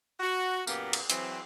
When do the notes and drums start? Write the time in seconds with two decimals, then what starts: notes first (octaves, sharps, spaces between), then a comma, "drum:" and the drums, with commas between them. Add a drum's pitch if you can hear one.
0.20 F#4
0.67 F#2 A#2 A#3 B3 G4, drum: tambourine
0.93 drum: cymbal
1.10 E3 F#3 C4, drum: hi-hat